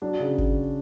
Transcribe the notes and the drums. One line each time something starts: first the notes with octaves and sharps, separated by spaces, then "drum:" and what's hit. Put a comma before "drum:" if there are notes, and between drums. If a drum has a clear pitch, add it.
F#3 D4
C#3
drum: kick G1